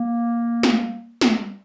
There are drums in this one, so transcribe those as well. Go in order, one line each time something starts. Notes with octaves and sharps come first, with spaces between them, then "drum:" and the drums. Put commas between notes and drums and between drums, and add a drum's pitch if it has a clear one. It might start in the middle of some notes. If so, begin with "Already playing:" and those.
Already playing: A#3
drum: snare
drum: snare